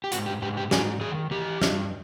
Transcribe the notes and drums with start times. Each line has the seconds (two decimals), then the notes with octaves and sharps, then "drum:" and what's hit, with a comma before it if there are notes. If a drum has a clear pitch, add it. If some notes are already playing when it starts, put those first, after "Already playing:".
0.04 G4
0.12 G#2 F#4, drum: hi-hat
0.26 G4
0.42 G#2 G4
0.57 G4
0.71 G#2 G#4, drum: snare
1.01 D#3 G#4
1.31 E3 G4
1.62 G2, drum: snare